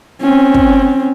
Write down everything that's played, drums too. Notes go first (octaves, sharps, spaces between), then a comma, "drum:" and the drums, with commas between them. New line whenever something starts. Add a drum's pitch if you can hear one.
C4 C#4
drum: kick